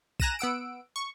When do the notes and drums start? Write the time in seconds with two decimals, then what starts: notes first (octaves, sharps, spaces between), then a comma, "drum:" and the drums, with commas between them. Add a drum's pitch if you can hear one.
0.20 G#5 A#5 F#6 A#6 D#7 E7, drum: kick
0.39 B3 F#5 E6 D7
0.96 C#6